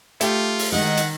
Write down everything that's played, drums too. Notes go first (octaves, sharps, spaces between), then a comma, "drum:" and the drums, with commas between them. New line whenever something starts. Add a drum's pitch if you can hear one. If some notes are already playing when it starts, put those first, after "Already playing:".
A3 F4 G4, drum: hi-hat
drum: open hi-hat
D#3 G#3 D#4 F#5
drum: hi-hat